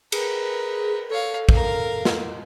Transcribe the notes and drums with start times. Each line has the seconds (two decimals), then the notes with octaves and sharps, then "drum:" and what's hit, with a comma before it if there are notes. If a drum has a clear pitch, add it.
0.12 G#4 A#4 B4, drum: cymbal
1.10 A4 C#5 F5
1.49 A#4 F5, drum: kick
2.05 drum: snare